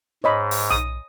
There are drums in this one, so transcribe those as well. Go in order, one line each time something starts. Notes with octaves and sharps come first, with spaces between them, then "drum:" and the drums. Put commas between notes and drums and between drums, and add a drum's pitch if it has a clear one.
G#2 C#5 D#5 B5
drum: open hi-hat
D#6, drum: tom B1